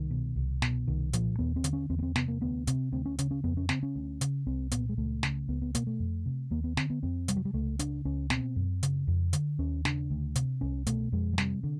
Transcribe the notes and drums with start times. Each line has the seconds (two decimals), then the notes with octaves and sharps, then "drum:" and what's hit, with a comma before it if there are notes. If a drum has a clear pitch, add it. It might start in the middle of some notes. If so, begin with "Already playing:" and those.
Already playing: C2 D#3
0.11 B2
0.36 C2
0.62 B2, drum: snare
0.88 C2 D#3
1.13 A#2 F3, drum: hi-hat
1.39 D#2 B3
1.56 C4
1.64 D3, drum: hi-hat
1.73 C#4
1.90 E2 C4
1.99 B3
2.02 C4
2.16 C3 B3, drum: snare
2.28 A#3
2.41 D2 B3
2.67 C3 C4, drum: hi-hat
2.92 D2 C4
3.06 C#4
3.18 C#3 C#4, drum: hi-hat
3.31 C#4
3.44 F2 B3
3.57 C#4
3.69 C#3 C4, drum: snare
3.83 C#4
3.96 D2
4.21 C#3, drum: hi-hat
4.47 C2 C4
4.71 A#2 B3, drum: hi-hat
4.89 G#3
4.97 C#2 A3
5.23 C#3, drum: snare
5.48 C#2 B3
5.62 B3
5.75 B2 A#3, drum: hi-hat
5.87 A3
6.00 F2
6.26 C3
6.51 D#2 A#3
6.64 B3
6.77 D3 C4, drum: snare
6.90 B3
7.03 F2 C4
7.28 C3 G3, drum: hi-hat
7.36 F#3
7.45 G3
7.53 C#2 A3
7.79 C#3 D4, drum: hi-hat
8.05 C#2 C#4
8.30 B2 C4, drum: snare
8.56 F#2
8.83 C#3, drum: hi-hat
9.08 F2
9.33 D3, drum: hi-hat
9.59 D#2 C#4
9.85 C#3 D4, drum: snare
10.10 D2
10.35 C3, drum: hi-hat
10.61 C2 C#4
10.87 B2 A3, drum: hi-hat
11.12 F2 G#3
11.33 F#3
11.38 C3 G3, drum: snare
11.63 D3